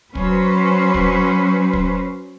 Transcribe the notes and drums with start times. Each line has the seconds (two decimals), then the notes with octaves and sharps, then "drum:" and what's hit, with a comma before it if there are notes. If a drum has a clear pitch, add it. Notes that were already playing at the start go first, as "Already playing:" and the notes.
0.15 F#3 C#4 B4 C5, drum: kick
0.94 drum: kick
1.73 drum: kick